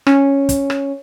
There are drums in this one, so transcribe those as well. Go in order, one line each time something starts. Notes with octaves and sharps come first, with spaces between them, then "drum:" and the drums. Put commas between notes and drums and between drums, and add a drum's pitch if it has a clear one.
C#4, drum: rim click
drum: kick, hi-hat
drum: rim click